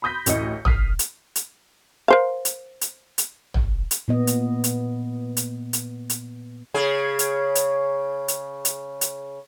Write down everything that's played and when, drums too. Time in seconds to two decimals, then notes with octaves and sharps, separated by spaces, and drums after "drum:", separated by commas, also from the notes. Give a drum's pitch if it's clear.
0.02 B5 C6 D#6 G6 A#6 B6
0.26 A1 D2 E4 D#5 C#7, drum: hi-hat
0.65 D#6 F6 B6 C7, drum: tom
0.99 drum: hi-hat
1.36 drum: hi-hat
2.08 A#4 C5 F5
2.45 drum: hi-hat
2.81 drum: hi-hat
3.18 drum: hi-hat
3.54 drum: tom
3.91 drum: hi-hat
4.08 A#2 B3 D#5
4.27 drum: hi-hat
4.64 drum: hi-hat
5.37 drum: hi-hat
5.73 drum: hi-hat
6.10 drum: hi-hat
6.74 C#3 G#4
7.19 drum: hi-hat
7.55 drum: hi-hat
8.28 drum: hi-hat
8.65 drum: hi-hat
9.01 drum: hi-hat